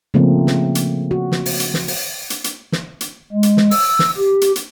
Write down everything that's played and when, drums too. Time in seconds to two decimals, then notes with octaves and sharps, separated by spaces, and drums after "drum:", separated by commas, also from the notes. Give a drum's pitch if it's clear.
0.14 C#3 F3 A3 A#3 C4
0.47 drum: snare
0.75 drum: hi-hat
1.11 F#4
1.32 drum: snare
1.46 drum: open hi-hat
1.60 drum: hi-hat
1.74 drum: snare
1.88 drum: open hi-hat
2.30 drum: hi-hat
2.44 drum: hi-hat
2.72 drum: snare
3.01 drum: hi-hat
3.32 G#3
3.43 drum: hi-hat
3.57 drum: snare
3.71 E6, drum: open hi-hat
3.99 drum: snare
4.17 G4
4.41 drum: hi-hat
4.56 drum: hi-hat